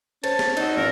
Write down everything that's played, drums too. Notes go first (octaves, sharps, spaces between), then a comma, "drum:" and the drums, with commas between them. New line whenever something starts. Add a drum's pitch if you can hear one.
C#4 C5 A5, drum: cymbal
drum: snare
E2 D#4 F#4 E6, drum: cymbal
A1 A#4